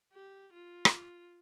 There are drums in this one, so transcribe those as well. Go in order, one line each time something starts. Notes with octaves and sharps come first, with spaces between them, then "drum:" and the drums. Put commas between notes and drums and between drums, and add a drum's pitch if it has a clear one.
G4
F4
drum: rim click